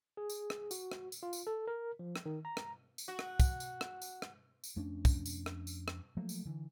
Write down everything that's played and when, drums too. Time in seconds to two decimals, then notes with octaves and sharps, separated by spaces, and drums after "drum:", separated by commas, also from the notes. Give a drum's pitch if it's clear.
0.17 G#4
0.29 drum: tambourine
0.50 drum: rim click
0.71 F#4, drum: tambourine
0.92 drum: rim click
1.12 drum: tambourine
1.23 F4
1.33 drum: tambourine
1.47 A4
1.68 A#4
1.99 F3
2.16 drum: rim click
2.26 D#3
2.45 A#5
2.57 drum: rim click
2.98 drum: tambourine
3.08 F#4
3.19 drum: rim click
3.40 drum: kick, tambourine
3.60 drum: tambourine
3.81 drum: rim click
4.02 drum: tambourine
4.22 drum: rim click
4.64 drum: tambourine
4.76 F2 A3 C#4 D4
5.05 drum: kick, tambourine
5.26 drum: tambourine
5.46 drum: rim click
5.67 drum: tambourine
5.88 drum: rim click
6.17 F3 F#3 A3 A#3
6.29 drum: tambourine
6.45 D3 E3